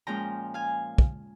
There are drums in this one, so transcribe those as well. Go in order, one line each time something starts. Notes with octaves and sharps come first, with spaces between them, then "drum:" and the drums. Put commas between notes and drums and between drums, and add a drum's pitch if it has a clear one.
A#2 F3 G#3 C#4 G5 A#5
F5 G#5
drum: kick